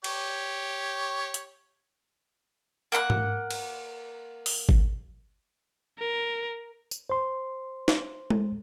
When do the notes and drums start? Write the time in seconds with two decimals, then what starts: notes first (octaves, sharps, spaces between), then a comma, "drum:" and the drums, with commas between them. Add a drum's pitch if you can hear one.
0.04 G4 C#5, drum: cymbal
1.34 drum: hi-hat
2.92 A#3 F#5 B5 F#6
3.10 drum: tom G#2
3.51 drum: cymbal
4.46 drum: open hi-hat
4.69 drum: kick G#1
5.99 A#4
6.91 drum: tambourine
7.10 C5 C6
7.88 drum: snare
8.30 drum: tom G#3